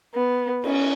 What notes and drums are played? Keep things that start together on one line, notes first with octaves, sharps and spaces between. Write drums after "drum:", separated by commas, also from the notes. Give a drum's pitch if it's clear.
B3
C#4, drum: cymbal